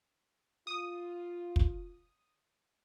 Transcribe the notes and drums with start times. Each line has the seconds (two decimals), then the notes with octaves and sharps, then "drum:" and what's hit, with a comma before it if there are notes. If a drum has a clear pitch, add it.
0.67 F4 D#6
1.56 drum: kick